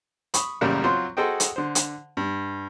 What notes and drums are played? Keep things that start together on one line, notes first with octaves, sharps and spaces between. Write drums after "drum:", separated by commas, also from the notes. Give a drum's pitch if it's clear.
B5 C#6 D#6, drum: hi-hat
A1 F#2 C#3 G3 A#3 F5
F#3 C4 F4 C5
F#4 G#4 A4 C5 D#5 G5
drum: hi-hat
D3 C5
drum: hi-hat
G2